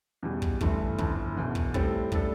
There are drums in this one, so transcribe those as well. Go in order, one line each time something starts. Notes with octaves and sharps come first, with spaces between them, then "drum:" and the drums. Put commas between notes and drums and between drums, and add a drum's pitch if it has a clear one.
E2 B2 G3
drum: kick
G1 G2 E3 A3, drum: kick
G1 F2 E3, drum: kick
E1 E2 B2
drum: kick
A2 G3 C4 E4 A4, drum: kick
A2 G3 D4 A4, drum: kick